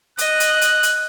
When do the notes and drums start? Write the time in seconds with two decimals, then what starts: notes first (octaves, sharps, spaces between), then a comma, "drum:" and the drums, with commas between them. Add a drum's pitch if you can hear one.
0.19 D#5 F#6, drum: hi-hat
0.40 drum: hi-hat
0.62 drum: hi-hat
0.83 drum: hi-hat